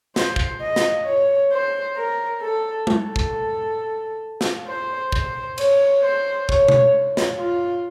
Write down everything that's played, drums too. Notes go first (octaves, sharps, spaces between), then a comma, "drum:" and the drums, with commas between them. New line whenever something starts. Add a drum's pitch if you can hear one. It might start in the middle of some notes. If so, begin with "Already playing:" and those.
C5, drum: snare
drum: kick
D#5
drum: snare
C#5
C5
A#4
A4
A4, drum: tom G#3
drum: kick
drum: snare
C5
C5, drum: kick
C#5, drum: cymbal
C5
C#5, drum: kick
drum: tom B2
drum: snare
F4